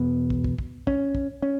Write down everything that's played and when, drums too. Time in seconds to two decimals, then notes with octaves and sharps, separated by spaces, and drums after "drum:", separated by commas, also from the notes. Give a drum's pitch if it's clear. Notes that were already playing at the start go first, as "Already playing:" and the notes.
Already playing: E2 B2 B3
0.30 drum: kick
0.44 drum: kick
0.58 drum: kick
0.87 C#4, drum: kick
1.15 drum: kick
1.42 C#4